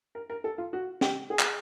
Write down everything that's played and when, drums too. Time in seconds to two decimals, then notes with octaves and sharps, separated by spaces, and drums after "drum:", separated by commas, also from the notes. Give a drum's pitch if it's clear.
0.15 A#4
0.30 A#4
0.44 A4
0.58 F4
0.73 F#4
1.01 G4, drum: snare
1.30 G#4
1.39 drum: clap